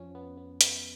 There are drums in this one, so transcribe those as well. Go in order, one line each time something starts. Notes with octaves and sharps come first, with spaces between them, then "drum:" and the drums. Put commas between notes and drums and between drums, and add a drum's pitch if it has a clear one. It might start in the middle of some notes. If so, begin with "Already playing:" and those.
Already playing: F2 F3 C#4
B3
B3
B3, drum: hi-hat